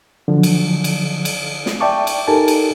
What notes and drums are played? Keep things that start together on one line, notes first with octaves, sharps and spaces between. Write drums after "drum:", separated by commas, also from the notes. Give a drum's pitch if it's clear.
D3 F3 F#3
drum: cymbal
drum: cymbal
drum: cymbal
drum: snare
D5 E5 G5 A5 C#6 D6
drum: cymbal
D#4 G4 A4 A#4 G#5 A5
drum: cymbal